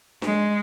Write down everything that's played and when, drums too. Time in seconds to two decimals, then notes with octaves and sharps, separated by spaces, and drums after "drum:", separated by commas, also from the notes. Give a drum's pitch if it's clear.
0.22 G#3, drum: snare D4